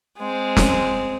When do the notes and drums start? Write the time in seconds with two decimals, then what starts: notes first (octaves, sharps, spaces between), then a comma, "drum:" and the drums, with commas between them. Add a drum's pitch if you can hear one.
0.18 G#3 C4
0.57 drum: snare